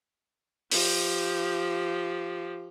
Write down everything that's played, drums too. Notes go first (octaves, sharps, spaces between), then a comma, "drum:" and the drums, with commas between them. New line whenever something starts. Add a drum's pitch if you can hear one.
F3 G4, drum: open hi-hat